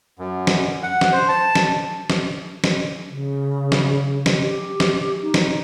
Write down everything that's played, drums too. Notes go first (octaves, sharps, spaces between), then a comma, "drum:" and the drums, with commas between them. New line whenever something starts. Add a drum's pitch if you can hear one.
F#2
drum: snare
F#5
drum: snare
C5
A5
drum: snare
drum: snare
drum: snare
C#3
drum: snare
drum: snare
G4
drum: snare
D#4
drum: snare